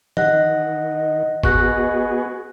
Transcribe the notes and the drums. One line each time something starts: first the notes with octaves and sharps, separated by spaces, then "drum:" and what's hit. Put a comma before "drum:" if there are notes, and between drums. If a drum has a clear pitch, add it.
D#3 D#5 F#5 F#6 A#6, drum: tom E3
B3 F#4 G#4 C#6 F#6 A#6, drum: kick G1